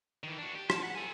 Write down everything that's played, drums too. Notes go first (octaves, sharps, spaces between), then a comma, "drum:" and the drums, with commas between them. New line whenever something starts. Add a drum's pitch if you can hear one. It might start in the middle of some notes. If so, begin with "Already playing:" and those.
D#3 E3
D4 F#4
G4
A5, drum: rim click
F#5
A4 G#5